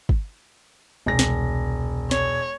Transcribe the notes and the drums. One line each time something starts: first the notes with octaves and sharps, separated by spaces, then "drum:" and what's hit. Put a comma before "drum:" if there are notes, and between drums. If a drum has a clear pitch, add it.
drum: kick G1
E1 C2 A#6
drum: snare
C#5, drum: snare